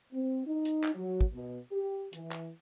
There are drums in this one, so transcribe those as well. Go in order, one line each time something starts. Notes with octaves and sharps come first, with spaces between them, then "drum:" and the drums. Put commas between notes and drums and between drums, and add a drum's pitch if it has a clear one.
C4
D#4
drum: hi-hat
drum: clap
F#3
drum: kick
B2
G4
E3, drum: hi-hat
drum: clap